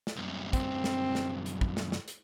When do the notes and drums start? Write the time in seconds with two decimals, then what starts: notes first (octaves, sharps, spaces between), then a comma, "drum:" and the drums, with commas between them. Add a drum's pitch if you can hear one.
0.07 drum: snare
0.17 C2 F#2
0.53 C4, drum: kick, hi-hat
0.84 drum: snare
1.15 drum: snare
1.46 drum: hi-hat
1.61 drum: kick
1.77 drum: snare
1.92 drum: snare
2.08 drum: hi-hat